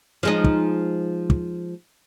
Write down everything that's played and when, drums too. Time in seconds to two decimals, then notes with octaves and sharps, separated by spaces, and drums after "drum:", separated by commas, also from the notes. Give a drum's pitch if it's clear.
0.23 F3 G#3 D#4
0.44 drum: kick
1.30 drum: kick